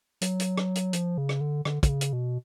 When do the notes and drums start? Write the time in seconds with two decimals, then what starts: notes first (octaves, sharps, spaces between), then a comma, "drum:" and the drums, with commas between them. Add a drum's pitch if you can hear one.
0.21 F#3, drum: hi-hat
0.40 drum: hi-hat
0.57 drum: rim click
0.75 drum: hi-hat
0.93 F3, drum: hi-hat
1.18 C#3
1.29 drum: rim click
1.41 D3
1.65 D3, drum: rim click
1.83 D3, drum: kick, hi-hat
1.89 C#3
2.01 drum: hi-hat
2.13 B2